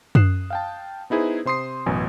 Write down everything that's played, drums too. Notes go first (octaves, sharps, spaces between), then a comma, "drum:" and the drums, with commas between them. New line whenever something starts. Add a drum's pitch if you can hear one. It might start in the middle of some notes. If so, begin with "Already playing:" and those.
D#6 F#6 C7 E7, drum: tom F#2
F5 G5 A5
B3 D#4 E4 G#4 B4 C5
C3 C5 C6 D#6 C7
A1 F#2 B2 G#5